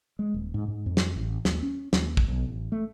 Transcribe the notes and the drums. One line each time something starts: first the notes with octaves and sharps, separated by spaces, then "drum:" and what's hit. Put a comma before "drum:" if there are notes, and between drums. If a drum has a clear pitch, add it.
G#3
D#1
G#2
G#2
F2
drum: snare
A1
D#2, drum: snare
C#4
D#2, drum: snare
drum: kick
B1
A1
A3